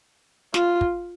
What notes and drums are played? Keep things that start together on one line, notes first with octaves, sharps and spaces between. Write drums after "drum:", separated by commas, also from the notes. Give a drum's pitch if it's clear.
F4, drum: snare
drum: kick